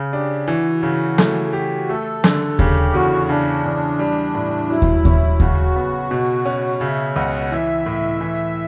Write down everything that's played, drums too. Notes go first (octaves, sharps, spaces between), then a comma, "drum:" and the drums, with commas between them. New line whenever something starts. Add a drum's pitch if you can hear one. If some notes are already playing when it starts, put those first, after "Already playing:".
Already playing: C#3
D4 G4
E3 F#4
C#3
A3, drum: snare
G4
A3 A4
D3, drum: snare
C#3 G4, drum: kick D#2
E2 F#4
C#3 D4
E2
G3
A2
F#3 E4
drum: kick D#2
C#4, drum: kick D#2
C#3 F#4, drum: kick D#2
B3
B2
C#4
C#3 E5
C#2 F#5
E3 E5
A2
E3